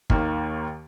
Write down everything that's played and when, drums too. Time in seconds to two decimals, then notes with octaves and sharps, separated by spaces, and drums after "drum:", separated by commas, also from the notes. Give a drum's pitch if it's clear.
0.10 D#2 D#3 A#3, drum: kick